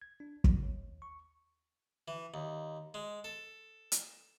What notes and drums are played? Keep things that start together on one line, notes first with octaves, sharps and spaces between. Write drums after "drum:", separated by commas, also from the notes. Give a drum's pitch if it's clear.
G#6
D4
C#3, drum: kick
D#2
C#6
E3
D#2
G#3
A4
drum: hi-hat